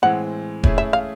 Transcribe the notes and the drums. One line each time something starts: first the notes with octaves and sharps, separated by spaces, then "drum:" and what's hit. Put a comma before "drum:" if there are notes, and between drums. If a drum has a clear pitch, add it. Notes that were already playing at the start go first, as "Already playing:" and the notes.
A2 E3 G#3 C4 F#5
A3 C#4 E4 G#4, drum: kick E1
E5
F5